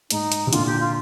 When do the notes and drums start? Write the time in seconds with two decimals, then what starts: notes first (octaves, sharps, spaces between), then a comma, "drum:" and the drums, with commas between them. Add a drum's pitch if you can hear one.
0.10 G#2 D#4, drum: hi-hat
0.32 drum: hi-hat
0.47 C3
0.53 A#2 D3 F4, drum: hi-hat
0.66 G4
0.80 F4